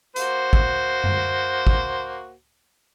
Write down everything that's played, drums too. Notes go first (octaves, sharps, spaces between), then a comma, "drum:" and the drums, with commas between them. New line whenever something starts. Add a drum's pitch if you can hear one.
A#3 F#4 C5, drum: hi-hat
drum: kick
drum: tom F#2
drum: kick